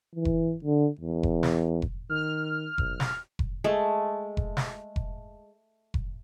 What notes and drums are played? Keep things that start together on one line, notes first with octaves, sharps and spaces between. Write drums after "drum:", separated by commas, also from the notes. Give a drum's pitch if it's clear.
E3
drum: kick F1
D3
E2
drum: kick F1
drum: snare
drum: kick F1
D#3 F6
B1, drum: kick F1
drum: snare
drum: kick F1
G#3 A3
drum: kick F1
drum: snare
drum: kick F1
drum: kick F1